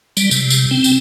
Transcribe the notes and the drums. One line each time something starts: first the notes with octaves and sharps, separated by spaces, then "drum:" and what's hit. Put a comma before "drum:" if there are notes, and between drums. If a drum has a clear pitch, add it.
G3, drum: tambourine
C3, drum: tambourine
drum: tambourine
C4
drum: tambourine